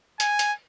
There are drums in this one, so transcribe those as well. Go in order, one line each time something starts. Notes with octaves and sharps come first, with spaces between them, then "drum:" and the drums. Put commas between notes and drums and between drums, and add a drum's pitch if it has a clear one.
G#5, drum: hi-hat
drum: hi-hat